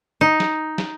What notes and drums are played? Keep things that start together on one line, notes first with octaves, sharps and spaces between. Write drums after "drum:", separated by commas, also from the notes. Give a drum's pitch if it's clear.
D#4
drum: snare
drum: snare